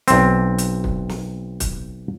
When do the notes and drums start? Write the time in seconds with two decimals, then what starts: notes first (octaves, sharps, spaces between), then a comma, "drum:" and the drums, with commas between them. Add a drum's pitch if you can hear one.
0.08 B1 C4, drum: hi-hat
0.58 drum: hi-hat
0.84 drum: kick
1.09 drum: snare
1.60 drum: kick, hi-hat